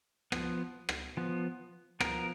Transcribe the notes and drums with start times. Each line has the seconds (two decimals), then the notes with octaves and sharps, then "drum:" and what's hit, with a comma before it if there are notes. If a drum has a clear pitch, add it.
0.32 F3 B3, drum: rim click
0.89 drum: rim click
1.17 F3 B3
2.00 F3 B3 A#4, drum: rim click